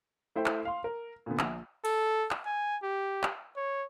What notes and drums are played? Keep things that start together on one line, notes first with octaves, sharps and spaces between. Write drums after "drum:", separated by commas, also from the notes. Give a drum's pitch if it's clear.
A3 E4 C5 G5
drum: clap
F5 C6
A#4
A#2 D3 B3
A#1, drum: clap
A4, drum: cymbal
drum: clap
G#5
G4
drum: clap
C#5